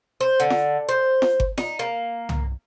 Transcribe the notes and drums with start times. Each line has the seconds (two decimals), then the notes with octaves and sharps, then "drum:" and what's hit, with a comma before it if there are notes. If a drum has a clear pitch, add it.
0.21 C5
0.40 D3
0.50 drum: snare F4
0.89 C5
1.22 drum: snare F4
1.40 drum: kick G1
1.58 D#4, drum: snare F4
1.79 A#3
2.29 drum: tom C2